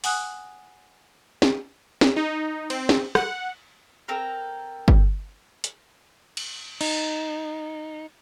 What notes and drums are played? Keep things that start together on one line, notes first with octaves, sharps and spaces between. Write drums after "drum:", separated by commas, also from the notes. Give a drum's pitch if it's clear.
F#5 G#5 D#6 F#6, drum: open hi-hat
drum: snare
drum: snare
D#4
C4, drum: cymbal
drum: snare
F#5, drum: rim click
C4 A4 A#4 A#5
drum: kick G1
drum: hi-hat
drum: cymbal
D#4, drum: cymbal